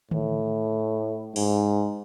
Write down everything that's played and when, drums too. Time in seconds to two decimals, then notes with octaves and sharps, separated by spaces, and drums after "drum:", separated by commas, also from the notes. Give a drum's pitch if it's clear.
0.11 A2, drum: tom D3
1.36 G#2, drum: open hi-hat